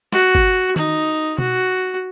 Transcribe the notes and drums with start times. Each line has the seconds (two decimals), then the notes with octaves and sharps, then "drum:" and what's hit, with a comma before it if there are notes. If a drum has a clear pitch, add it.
0.13 F#4, drum: snare
0.35 drum: kick
0.76 D#4, drum: tom D#3
1.38 F#4, drum: tom B2